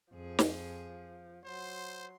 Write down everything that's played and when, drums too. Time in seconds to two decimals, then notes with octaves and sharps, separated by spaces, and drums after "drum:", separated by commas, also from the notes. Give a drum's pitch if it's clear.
0.13 F2 F3 G#4
0.39 drum: snare
1.46 F#3 C5 C6